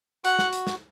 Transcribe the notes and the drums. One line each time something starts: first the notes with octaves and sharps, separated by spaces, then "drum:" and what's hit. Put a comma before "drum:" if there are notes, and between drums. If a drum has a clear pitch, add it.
F#4 F#5, drum: hi-hat
drum: snare
drum: hi-hat
drum: snare